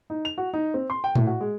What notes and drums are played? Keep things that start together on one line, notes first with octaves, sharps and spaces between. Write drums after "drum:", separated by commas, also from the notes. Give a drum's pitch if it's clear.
D#4
F7
F#4
D#4
C4
C6
G5
A2, drum: tom A#2
F#4
G#3